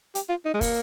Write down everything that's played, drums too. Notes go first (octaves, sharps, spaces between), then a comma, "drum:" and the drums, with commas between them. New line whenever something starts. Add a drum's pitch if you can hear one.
G4, drum: hi-hat
F4
D#4
G#3
A#3, drum: kick, open hi-hat